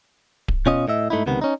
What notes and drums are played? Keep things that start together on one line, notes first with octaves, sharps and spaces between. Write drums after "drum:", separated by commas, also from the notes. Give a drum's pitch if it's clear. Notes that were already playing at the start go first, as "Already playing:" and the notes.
drum: kick D1
B2 C#4 F4 D#5
A2 D#5 E5
G#2 A3 D#4 E4
C#2 C3 D#3 B3
C#4 D#4